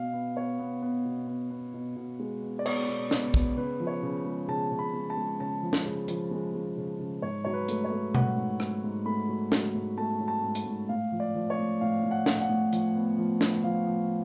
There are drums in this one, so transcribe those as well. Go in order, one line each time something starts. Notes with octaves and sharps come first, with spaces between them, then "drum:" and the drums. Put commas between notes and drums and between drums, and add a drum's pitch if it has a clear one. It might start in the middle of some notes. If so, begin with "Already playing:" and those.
Already playing: B2 F5
B3
B3 C#5
B3
B3
B2
B3
B3
B2
B2
G#3
B3
D5
B3 C#5, drum: cymbal
B2
B3, drum: snare
B3, drum: kick
C#3 B4
F3
C#5
C#3
G#3
C#3 A5
C#3
B5
G#3
A5
G#3
C#3 A5
F3
drum: snare
C#3
F3, drum: hi-hat
G#3
G#3
C#3
C#3
G#2 C#5
F#3 C#5
B4
A3, drum: hi-hat
C#5
A3
A3 F#5, drum: tom B2
G#2
F#3, drum: rim click
G#2
A3 B5
F#3
F#3, drum: snare
G#2
A3 A5
F#3
A5
G#2
drum: hi-hat
G#2
A2 F5
F3
D5
F3
C#5
A2
A2 F5
A2
F#5
A2, drum: snare
F#5
A2
F3, drum: hi-hat
B3
F3
B3, drum: snare
F3 F5
F3